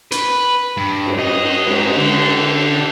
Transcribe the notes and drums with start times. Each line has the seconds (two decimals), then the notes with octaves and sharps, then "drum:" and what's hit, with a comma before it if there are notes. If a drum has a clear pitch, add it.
0.12 B4, drum: hi-hat
0.77 G2
1.06 drum: cymbal
1.19 D#5
1.67 G#2, drum: cymbal
1.96 D3